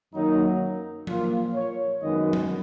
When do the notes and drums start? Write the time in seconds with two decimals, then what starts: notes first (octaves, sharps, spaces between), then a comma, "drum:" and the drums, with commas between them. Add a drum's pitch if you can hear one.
0.13 F#2 D#3 F#3 A#3 D#4
1.07 A#2 F3 A#3 F4, drum: tom F#3
1.54 C#5
2.01 F#2 D#3 G#3 B3 D#5
2.33 drum: tom F#3